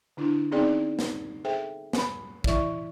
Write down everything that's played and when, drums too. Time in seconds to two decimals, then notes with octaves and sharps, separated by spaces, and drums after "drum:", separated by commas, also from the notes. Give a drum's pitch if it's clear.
0.17 D3 D4 E4
0.51 B3 C4 D#4 G#4 D5 G5
0.99 drum: snare
1.45 G#4 A4 C5 E5 G5
1.93 G#5 B5, drum: snare
2.44 E3 E4 D5 E5 C#6, drum: kick